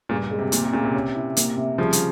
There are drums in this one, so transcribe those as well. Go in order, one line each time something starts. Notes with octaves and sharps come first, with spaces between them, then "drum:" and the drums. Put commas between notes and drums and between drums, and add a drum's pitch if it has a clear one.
G2 A#2 C#3
G#3
C3
A#2 A#3, drum: hi-hat
C3
A#2 C#3 A#3
C3
C#4
E4
A#3, drum: hi-hat
C3
C#3 F3 G3
drum: hi-hat